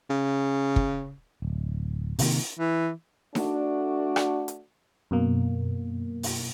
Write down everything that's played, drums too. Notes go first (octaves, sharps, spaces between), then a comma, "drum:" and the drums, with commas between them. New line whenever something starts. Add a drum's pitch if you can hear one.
C#3
drum: kick
D1
C3 D#3 A#3, drum: open hi-hat
E3
A3 D4 F#4, drum: snare D#4
drum: rim click
drum: hi-hat
F#2 B2 A#3
drum: open hi-hat